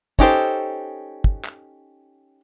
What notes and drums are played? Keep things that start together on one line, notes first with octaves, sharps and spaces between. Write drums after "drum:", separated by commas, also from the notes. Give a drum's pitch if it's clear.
C#4 D#4 G4 A4 C5, drum: kick
drum: kick
drum: clap